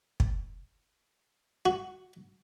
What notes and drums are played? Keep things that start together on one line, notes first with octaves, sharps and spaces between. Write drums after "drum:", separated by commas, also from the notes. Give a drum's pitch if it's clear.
drum: kick
F#4